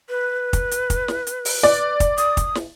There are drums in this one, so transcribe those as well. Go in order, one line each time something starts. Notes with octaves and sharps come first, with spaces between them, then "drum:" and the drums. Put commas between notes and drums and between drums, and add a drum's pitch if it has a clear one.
B4
drum: kick, hi-hat
drum: hi-hat
drum: kick, hi-hat
drum: snare
drum: hi-hat
drum: open hi-hat
D5, drum: snare
drum: kick, hi-hat
D#6, drum: hi-hat
drum: kick, hi-hat
drum: snare